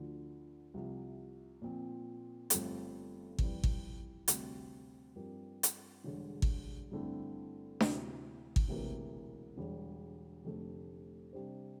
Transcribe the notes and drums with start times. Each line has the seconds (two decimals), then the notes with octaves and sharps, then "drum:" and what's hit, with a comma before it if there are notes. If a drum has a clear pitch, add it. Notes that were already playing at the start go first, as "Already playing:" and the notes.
Already playing: D2 D3 F3
0.74 C2 C3 F3
1.62 A#2 F3 C4
2.50 G1 G2 F3 A3 C4, drum: hi-hat
3.39 F2 E3 G3, drum: kick G#1
3.64 drum: kick G#1
4.28 D2 C3 G3 C4, drum: hi-hat
5.15 G2 F3 C4 G4 A#4
5.63 drum: hi-hat
6.04 E1 E2 D3 G3
6.42 drum: kick G#1
6.91 G2 D3 A3 C4 E4
7.80 D2 C3 E3, drum: snare D4
8.56 drum: kick G#1
8.68 E1 D2 C3 E3 A#3
9.57 E1 E2 D3 G3
10.45 F1 F2 D3 A3
11.33 C3 G3 D4 G4 C5